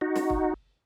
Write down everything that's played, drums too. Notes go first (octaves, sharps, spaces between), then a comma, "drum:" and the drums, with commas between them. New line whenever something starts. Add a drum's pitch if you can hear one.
D#4 F#4
drum: snare
drum: kick